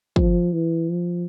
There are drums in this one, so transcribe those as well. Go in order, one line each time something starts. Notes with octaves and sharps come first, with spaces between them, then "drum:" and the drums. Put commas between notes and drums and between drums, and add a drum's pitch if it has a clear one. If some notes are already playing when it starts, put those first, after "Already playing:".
F3, drum: kick
E3
F3